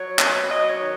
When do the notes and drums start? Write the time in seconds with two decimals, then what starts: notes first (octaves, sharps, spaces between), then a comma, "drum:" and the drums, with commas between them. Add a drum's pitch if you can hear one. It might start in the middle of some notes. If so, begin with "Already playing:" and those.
Already playing: F#3 C#5
0.19 B2, drum: clap
0.49 F#3 D#5
0.69 C#5
0.79 D#3